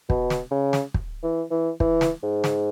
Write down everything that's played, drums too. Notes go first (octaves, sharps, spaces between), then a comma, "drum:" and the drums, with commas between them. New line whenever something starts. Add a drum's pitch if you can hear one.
B2, drum: kick
drum: snare
C#3
drum: snare
drum: kick
E3
E3
E3, drum: kick
drum: snare
G#2
drum: snare